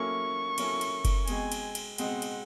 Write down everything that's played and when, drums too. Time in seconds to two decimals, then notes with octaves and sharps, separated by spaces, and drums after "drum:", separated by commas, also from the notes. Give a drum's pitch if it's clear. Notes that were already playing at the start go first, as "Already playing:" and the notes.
Already playing: F#3 A#3 C#4 E4 A4 C#6
0.58 F#3 A#3 C#4 E4 A4, drum: cymbal
0.81 drum: cymbal
1.05 drum: kick F#1, cymbal
1.27 B2 G#3 C4 G#5, drum: cymbal
1.52 drum: cymbal
1.75 drum: cymbal
1.98 B2 G#3 C4 F#5, drum: cymbal
2.22 drum: cymbal